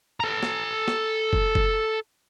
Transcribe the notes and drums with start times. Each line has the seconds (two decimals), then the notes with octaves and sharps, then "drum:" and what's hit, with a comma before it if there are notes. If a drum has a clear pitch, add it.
0.20 A4 A#5
0.43 drum: snare
0.88 drum: snare
1.33 drum: kick
1.55 drum: kick